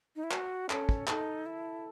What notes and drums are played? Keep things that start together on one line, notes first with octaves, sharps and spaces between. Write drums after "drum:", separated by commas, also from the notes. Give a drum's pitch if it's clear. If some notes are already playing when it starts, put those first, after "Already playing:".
D#4
E4
F#4, drum: clap
C#4 A4, drum: clap
drum: kick
D#4 A4, drum: clap
E4